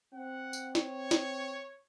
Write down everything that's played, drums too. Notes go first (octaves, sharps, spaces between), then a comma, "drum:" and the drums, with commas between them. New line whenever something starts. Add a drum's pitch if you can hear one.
C4 F#5
drum: tambourine
C#5, drum: snare
drum: snare